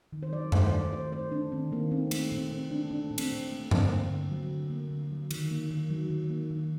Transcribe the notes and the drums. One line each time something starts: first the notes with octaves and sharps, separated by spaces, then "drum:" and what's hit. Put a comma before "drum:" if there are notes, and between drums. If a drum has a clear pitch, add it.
D#3
C5
F#3 D5
A3 C5, drum: tom F#2
D#3 D5
D#3 C5
A3 C5
A3 D4
D#3 C4
D#3 A#3
A3 C4
A3 C4, drum: cymbal
A#2 C4
A#2 C4
A3 D4
A3 D4
A#2
C4, drum: cymbal
A#2
A3
D3 C4, drum: tom G2
A#3
D3
F#3
D3
A#3
D3
F#3
D#3, drum: cymbal
A#3
D#3
F#3
D#3
A#3
D#3